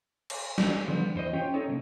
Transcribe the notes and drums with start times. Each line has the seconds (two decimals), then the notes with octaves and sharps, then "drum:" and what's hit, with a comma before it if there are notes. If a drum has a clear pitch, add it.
0.30 drum: cymbal
0.58 drum: snare
0.88 D3 F3 G3 B3
1.15 E2 C5 D#5
1.33 C#4 F4 G4 C#5 G5
1.54 C#4 D#4 A4 C#5
1.68 C3 A3 A#3